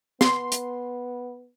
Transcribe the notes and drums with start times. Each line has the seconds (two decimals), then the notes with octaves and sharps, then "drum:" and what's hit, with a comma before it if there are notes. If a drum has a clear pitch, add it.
0.21 B3 C6, drum: snare
0.52 drum: hi-hat